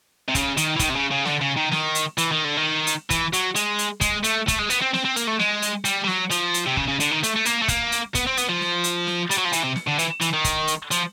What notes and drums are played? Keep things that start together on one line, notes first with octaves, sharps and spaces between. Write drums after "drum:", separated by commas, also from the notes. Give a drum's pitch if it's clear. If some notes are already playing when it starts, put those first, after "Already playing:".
C3
C#3, drum: kick, hi-hat
D#3, drum: hi-hat
E3
D#3, drum: kick, hi-hat
C3
C#3
C#3
D3, drum: snare
C#3
D#3
D#3, drum: snare
drum: hi-hat
E3, drum: hi-hat
D#3
D3
D#3
drum: hi-hat
E3, drum: kick, hi-hat
F#3, drum: hi-hat
G#3, drum: hi-hat
drum: hi-hat
G#3, drum: kick, hi-hat
A3, drum: hi-hat
A3, drum: kick, hi-hat
G#3
B3, drum: hi-hat
C4
C4, drum: snare
C4
A#3, drum: hi-hat
A3
G#3, drum: snare
drum: hi-hat
G3, drum: hi-hat
G3
F#3, drum: snare
F3, drum: hi-hat
drum: hi-hat
C3
C#3, drum: kick
C#3
D3, drum: hi-hat
D#3
A3, drum: hi-hat
A3
A#3, drum: hi-hat
A3
A#3, drum: kick, hi-hat
drum: hi-hat
B3, drum: kick, hi-hat
C4
B3, drum: hi-hat
F3
drum: snare
drum: hi-hat
drum: snare
G3, drum: hi-hat
F#3
F3
E3, drum: hi-hat
C3
drum: snare
D3
E3, drum: hi-hat
E3, drum: hi-hat
D#3
drum: kick, hi-hat
drum: hi-hat
F3, drum: hi-hat